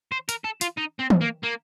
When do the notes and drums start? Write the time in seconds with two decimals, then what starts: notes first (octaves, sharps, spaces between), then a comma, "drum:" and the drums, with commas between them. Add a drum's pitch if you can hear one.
0.12 C5
0.29 A#4, drum: hi-hat
0.44 A4
0.61 F4, drum: hi-hat
0.77 D#4
0.99 C4
1.10 drum: tom
1.21 A#3
1.43 A#3